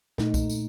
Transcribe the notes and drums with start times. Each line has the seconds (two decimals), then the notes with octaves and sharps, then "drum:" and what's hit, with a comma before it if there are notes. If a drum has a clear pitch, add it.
0.18 A#2 A3 D#4, drum: snare
0.34 drum: kick B1, tambourine
0.50 drum: tambourine